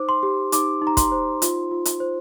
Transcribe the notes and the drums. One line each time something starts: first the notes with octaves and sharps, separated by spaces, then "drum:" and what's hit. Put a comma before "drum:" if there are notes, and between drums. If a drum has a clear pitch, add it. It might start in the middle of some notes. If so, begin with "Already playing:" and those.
Already playing: D#4 C5 D6
C6
G4
D#4 D6, drum: hi-hat
D#4
A#5
C6, drum: kick, hi-hat
C5
F4, drum: hi-hat
F4
drum: hi-hat
C5